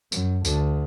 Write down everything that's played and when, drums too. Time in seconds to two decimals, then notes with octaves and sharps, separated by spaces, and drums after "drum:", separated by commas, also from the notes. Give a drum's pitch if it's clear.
0.12 F#2, drum: tambourine
0.45 D2, drum: tambourine